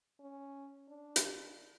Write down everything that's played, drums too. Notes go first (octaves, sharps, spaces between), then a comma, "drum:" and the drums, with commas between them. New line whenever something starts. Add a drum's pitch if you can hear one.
C#4
D4
drum: hi-hat